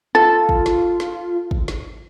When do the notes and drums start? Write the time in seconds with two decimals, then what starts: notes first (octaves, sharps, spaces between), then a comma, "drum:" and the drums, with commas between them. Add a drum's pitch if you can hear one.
0.15 F4 A4 A5
0.49 drum: kick
0.66 drum: snare
1.00 drum: snare
1.51 drum: kick
1.68 drum: snare